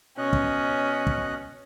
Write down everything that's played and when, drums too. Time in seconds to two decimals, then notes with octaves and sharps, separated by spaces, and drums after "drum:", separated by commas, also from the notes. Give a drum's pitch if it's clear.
0.18 B2 C#4 D#5 F#6
0.33 drum: kick
1.07 drum: kick